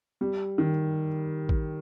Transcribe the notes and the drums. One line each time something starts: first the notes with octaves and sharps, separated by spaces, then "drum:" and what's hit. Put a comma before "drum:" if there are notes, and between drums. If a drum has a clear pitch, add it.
G3
D#3
drum: kick